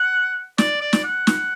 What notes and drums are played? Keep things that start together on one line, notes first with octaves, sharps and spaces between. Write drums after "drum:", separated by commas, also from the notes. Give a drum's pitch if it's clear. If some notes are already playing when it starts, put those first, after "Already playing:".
Already playing: F#5
D5, drum: snare
D5
drum: snare
F#5
drum: snare